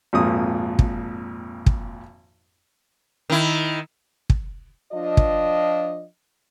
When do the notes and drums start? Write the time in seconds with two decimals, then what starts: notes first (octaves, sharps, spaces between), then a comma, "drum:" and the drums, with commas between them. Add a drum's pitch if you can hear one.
0.13 G#1 F2 A#2 D#6
0.79 drum: kick
1.66 drum: kick
3.30 D#3 E4
4.30 drum: kick
4.93 F3 D4 F4 D#5
5.17 drum: kick